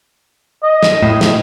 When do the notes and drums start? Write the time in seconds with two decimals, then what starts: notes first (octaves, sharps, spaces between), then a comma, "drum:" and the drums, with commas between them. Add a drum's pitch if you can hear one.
0.63 D#5
0.83 drum: snare
1.03 A2
1.21 drum: snare